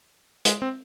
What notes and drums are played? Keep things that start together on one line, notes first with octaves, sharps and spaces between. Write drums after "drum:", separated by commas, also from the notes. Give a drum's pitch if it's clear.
G#3, drum: hi-hat
C4